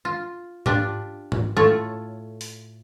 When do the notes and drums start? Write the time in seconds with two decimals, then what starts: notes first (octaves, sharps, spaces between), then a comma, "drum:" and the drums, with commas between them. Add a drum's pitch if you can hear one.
0.05 F4
0.66 D4 F4 G4, drum: tom G#2
1.32 drum: tom G#2
1.57 A2 A3 F4 A4 C#5
2.41 drum: open hi-hat